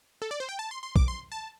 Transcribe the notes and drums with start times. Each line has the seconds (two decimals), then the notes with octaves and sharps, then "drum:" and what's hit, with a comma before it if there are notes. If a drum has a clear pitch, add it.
0.22 A4
0.31 D5
0.40 C5
0.49 G5
0.59 A5
0.71 C6
0.83 C6
0.96 D6, drum: kick
1.08 C6
1.32 A5